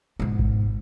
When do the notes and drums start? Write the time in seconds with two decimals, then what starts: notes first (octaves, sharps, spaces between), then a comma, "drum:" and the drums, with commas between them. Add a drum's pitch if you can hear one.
0.20 G#2 B2
0.39 drum: kick G#1